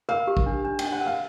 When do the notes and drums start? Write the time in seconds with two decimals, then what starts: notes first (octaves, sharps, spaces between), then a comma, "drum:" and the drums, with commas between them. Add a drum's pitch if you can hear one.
0.09 A#4 F5
0.27 G4
0.37 drum: kick
0.46 D4
0.65 D4
0.79 D4 G5, drum: cymbal
0.92 F#5
1.01 A#4 F5